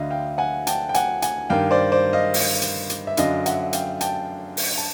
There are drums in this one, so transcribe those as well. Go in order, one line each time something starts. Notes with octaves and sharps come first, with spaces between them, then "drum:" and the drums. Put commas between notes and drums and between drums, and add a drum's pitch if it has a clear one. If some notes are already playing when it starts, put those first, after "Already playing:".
Already playing: D2 D3 D#5 F5
F5 G5
F#5 G#5
G5 A5, drum: hi-hat
G5
F#5 G#5, drum: hi-hat
F#5 G#5, drum: hi-hat
G2 D#3 F5 G5
C5 D5
C5 D5
D#5 F5
drum: open hi-hat
drum: hi-hat
drum: hi-hat
E5
F#2 D3 D#5 F5, drum: hi-hat
E5 F#5, drum: hi-hat
F5 G5, drum: hi-hat
G5 A5, drum: hi-hat
drum: open hi-hat
A5